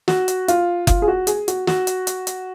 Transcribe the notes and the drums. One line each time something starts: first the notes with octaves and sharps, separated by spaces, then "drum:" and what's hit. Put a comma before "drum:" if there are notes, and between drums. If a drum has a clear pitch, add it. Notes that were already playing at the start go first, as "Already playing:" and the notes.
F#4, drum: snare
drum: hi-hat
F4, drum: hi-hat
F4, drum: kick F#1, hi-hat
G#4
F#4
G#4, drum: hi-hat
F#4, drum: hi-hat
F#4, drum: snare
drum: hi-hat
drum: hi-hat
drum: hi-hat